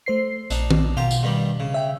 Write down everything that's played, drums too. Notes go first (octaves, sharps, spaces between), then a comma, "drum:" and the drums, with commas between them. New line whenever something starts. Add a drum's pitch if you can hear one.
A3 C5 C7
A#1 D4 D#4, drum: tambourine
drum: tom D#3
B2 F4 G4 A#4
drum: tambourine
G2 D#3 G3
C#3
E5 G5